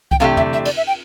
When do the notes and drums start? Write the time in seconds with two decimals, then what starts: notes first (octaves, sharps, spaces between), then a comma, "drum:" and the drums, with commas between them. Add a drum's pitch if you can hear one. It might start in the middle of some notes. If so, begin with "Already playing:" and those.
0.11 G5, drum: kick C2
0.20 C3 E3 A3 D4 G4 F5
0.37 E5, drum: tom
0.53 E5
0.65 D5, drum: cymbal
0.77 E5
0.87 G5